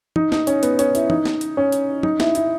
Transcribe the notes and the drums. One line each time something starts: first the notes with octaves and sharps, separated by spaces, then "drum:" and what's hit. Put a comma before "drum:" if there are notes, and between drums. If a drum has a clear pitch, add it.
D#4, drum: tom
D#4, drum: snare
C#4, drum: hi-hat
B3, drum: hi-hat
C#4, drum: hi-hat
E4, drum: hi-hat
D#4, drum: tom
drum: snare
drum: hi-hat
C#4
drum: hi-hat
D#4, drum: tom
E4, drum: snare
E4, drum: hi-hat